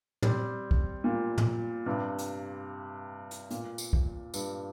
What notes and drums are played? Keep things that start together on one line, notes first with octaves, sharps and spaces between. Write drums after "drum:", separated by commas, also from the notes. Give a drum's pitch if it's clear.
G3 C4, drum: tom
drum: kick
A#2
drum: tom
G2 C3
drum: hi-hat
drum: hi-hat
A#2, drum: hi-hat
drum: tambourine
drum: kick
G2, drum: tambourine